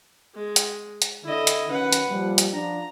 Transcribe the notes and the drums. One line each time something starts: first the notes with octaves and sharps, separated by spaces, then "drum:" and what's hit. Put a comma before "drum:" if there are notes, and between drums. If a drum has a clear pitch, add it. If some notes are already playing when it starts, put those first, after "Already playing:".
G#3
drum: hi-hat
drum: hi-hat
D3 E4 D#5
drum: hi-hat
D#3 F#3 C#4 B4 F#5
drum: hi-hat
A#2 F3 G3
drum: hi-hat
F3 D4 A#5